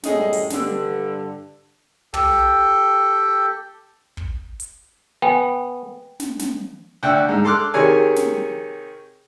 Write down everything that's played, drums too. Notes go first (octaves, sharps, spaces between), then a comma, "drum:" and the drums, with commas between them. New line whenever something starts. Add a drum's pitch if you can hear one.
F#2 A2 G3 G#4 D#5, drum: snare
drum: open hi-hat
G2 D3, drum: snare
G4 A4 G5, drum: tom
drum: kick
drum: hi-hat
B3 G5 G#5
drum: snare
drum: snare
D2 D4 E5 F#5 G5
G#2
A4 C6 D6 F6 F#6
C3 D#3 G#4 C#5 G#5
drum: snare